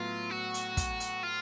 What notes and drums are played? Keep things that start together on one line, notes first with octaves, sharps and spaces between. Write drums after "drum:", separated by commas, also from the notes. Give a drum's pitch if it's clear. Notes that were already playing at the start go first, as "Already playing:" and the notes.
Already playing: A2 F#3 B3 F4
F#4
drum: hi-hat
drum: kick, hi-hat
drum: hi-hat
F4